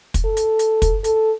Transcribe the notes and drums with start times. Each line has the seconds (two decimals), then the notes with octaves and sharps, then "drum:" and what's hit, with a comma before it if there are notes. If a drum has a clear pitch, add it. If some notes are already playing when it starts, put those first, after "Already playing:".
0.14 drum: kick, hi-hat
0.25 A4
0.37 drum: hi-hat
0.59 drum: hi-hat
0.82 drum: kick, hi-hat
1.04 A4, drum: hi-hat